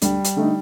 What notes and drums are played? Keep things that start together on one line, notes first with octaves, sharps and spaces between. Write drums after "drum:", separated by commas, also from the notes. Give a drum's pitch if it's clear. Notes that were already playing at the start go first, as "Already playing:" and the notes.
D2 G3, drum: hi-hat
drum: hi-hat
D3 A3 D#4